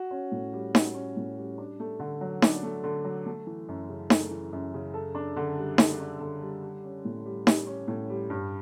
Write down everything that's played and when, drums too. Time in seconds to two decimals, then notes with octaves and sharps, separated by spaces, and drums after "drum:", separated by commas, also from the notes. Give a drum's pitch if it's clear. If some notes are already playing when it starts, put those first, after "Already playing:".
Already playing: F#4
0.11 C#4
0.32 A2
0.53 G3
0.75 F#4, drum: snare D#4
0.94 C#4
1.17 A2
1.37 G3
1.58 D4
1.80 A3
1.99 D3
2.21 F#3
2.42 D4, drum: snare D#4
2.63 A3
2.84 D3
3.05 F#3
3.26 A3
3.47 E3
3.68 F#2
3.89 C#3
4.10 A3, drum: snare D#4
4.31 E3
4.53 F#2
4.74 C#3
4.94 A4
5.15 D4
5.36 D3
5.57 G3
5.78 A4, drum: snare D#4
6.00 D4
6.20 D3
6.41 G3
6.62 G4
6.84 C#4
7.05 A2
7.25 G3
7.47 G4, drum: snare D#4
7.67 C#4
7.88 A2
8.09 G3
8.30 G2